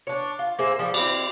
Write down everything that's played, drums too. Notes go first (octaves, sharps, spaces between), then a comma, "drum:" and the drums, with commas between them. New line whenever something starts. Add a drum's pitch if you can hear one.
D4 C#5
F4
A#3 G#4 C5 E5
F3 G3
C4 E4 D5, drum: cymbal